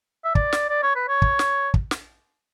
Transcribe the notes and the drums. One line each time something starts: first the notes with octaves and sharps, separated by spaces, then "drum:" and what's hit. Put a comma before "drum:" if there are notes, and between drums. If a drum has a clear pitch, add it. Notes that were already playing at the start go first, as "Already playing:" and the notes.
E5
D5, drum: kick
drum: snare
D5
C#5
B4
C#5
drum: kick
drum: snare
drum: kick
drum: snare